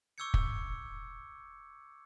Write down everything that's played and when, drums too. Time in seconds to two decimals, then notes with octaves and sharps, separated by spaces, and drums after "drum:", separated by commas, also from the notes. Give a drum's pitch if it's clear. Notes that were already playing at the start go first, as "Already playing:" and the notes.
0.18 C#6 D6 E6 G6 G#6 C#7
0.34 drum: kick